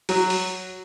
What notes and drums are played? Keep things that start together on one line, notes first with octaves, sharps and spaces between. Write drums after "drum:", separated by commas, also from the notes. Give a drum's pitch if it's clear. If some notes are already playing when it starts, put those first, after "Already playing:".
F#3, drum: open hi-hat
drum: open hi-hat